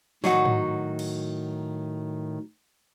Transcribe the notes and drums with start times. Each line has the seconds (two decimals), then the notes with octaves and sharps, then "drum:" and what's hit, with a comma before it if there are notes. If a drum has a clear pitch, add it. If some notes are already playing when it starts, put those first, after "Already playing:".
0.24 A2 D#3 F#3 D#4 F#4, drum: snare
0.45 drum: tom G#2
0.99 drum: cymbal